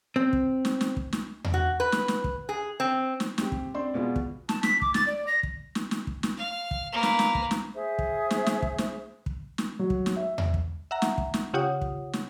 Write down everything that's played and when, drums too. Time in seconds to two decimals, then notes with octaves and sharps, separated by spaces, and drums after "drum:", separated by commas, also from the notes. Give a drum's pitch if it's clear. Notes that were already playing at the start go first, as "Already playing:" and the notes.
0.16 C4
0.33 drum: kick
0.65 drum: snare
0.81 drum: snare
0.97 drum: kick
1.13 drum: snare
1.44 drum: tom E2
1.54 F#4
1.80 B4
1.92 drum: snare
2.08 drum: snare
2.24 drum: kick
2.49 G#4
2.80 C4
3.20 drum: snare
3.38 C4 G4, drum: snare
3.52 drum: kick
3.74 C4 D4 C6
3.94 B2 G#3 B3 D4 F4 F#4
4.16 drum: kick
4.49 A5, drum: snare
4.63 B6, drum: snare
4.82 D6, drum: kick
4.94 A6, drum: snare
5.07 D5
5.27 A#6
5.43 drum: kick
5.75 drum: snare
5.91 drum: snare
6.07 drum: kick
6.23 drum: snare
6.37 F5
6.71 drum: kick
6.92 A#3 B4
7.03 drum: snare
7.19 drum: snare
7.35 drum: kick
7.51 drum: snare
7.74 G#4 C5 E5
7.99 drum: kick
8.31 drum: snare
8.46 drum: snare
8.62 drum: kick
8.78 drum: snare
9.26 drum: kick
9.58 drum: snare
9.79 F#3
9.90 drum: kick
10.06 drum: snare
10.16 E5
10.38 drum: tom E2
10.54 drum: kick
10.91 E5 F#5 A#5
11.02 drum: snare
11.18 drum: kick
11.34 drum: snare
11.54 C#3 F4 G4 C#5 F#5 D#6
11.82 drum: kick
12.13 drum: snare